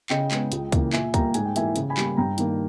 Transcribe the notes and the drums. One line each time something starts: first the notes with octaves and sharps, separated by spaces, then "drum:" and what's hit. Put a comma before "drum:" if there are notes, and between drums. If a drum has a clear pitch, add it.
C#3 D#5 G5, drum: clap
G#3 B3, drum: clap
C#2, drum: hi-hat
C#3 E3 A#3, drum: kick C#2, hi-hat
A#2 E5 G#5, drum: clap
G3 A#3 G5 A#5, drum: kick C#2, hi-hat
G#2 G#5, drum: hi-hat
G5
E3 A#3 E4 E5 G#5, drum: hi-hat
C#3, drum: hi-hat
G#5 B5
G3 A#3, drum: clap
G2 G5 A#5
D#3 A#3, drum: hi-hat